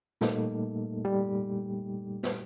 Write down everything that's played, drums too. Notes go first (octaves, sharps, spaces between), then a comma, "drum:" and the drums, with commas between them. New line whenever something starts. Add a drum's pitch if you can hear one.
A#2 G3 A3 A#3 D#4 A4, drum: snare
G3 G4
drum: snare